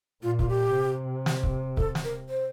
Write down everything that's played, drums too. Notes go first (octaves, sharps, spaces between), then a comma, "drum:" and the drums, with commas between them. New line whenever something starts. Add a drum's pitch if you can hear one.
A#2 F4
F4, drum: kick C#1
G4
C3
drum: snare
drum: kick C#1
A4, drum: kick C#1
drum: snare
A#4
C5